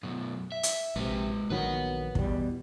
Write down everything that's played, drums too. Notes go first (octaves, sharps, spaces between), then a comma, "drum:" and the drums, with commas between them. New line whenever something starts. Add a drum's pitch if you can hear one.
F#2 B2
E5
drum: hi-hat
A#1 C3 G#3 B4
A#1 D#3 F#3 B4 F#5
E2 B2 G3, drum: kick